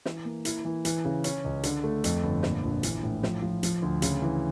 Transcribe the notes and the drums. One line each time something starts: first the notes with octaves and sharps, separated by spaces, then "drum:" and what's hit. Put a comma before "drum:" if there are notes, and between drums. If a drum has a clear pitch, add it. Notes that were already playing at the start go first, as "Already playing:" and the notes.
E3, drum: snare
A#3
E4, drum: hi-hat
E3
E3, drum: hi-hat
C#3
C#4, drum: hi-hat
C#2
D3, drum: hi-hat
A3
F2, drum: hi-hat
G1
A#2, drum: snare
A#1
E3, drum: hi-hat
A2
F3, drum: snare
F3
F3, drum: hi-hat
D2
C#3, drum: hi-hat
E3